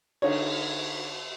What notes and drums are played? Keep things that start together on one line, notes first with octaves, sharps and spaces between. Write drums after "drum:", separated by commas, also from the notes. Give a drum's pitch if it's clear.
D3 D#4 C#5, drum: cymbal